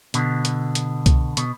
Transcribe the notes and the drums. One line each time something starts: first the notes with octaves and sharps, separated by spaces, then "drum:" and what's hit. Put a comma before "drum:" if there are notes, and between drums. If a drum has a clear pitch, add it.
B2 D3, drum: hi-hat
drum: hi-hat
drum: hi-hat
drum: kick C2, hi-hat
B2, drum: hi-hat